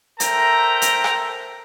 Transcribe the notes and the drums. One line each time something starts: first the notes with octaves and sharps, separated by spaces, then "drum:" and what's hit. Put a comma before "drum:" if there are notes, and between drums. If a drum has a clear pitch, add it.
A4 A#4 C5 E5 G5 A#5, drum: hi-hat
drum: hi-hat
drum: rim click